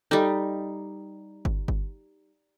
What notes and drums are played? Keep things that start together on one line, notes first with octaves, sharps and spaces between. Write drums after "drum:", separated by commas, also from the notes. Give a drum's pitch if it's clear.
G3 D#4 A4 G5 D6
drum: kick G1
drum: kick G1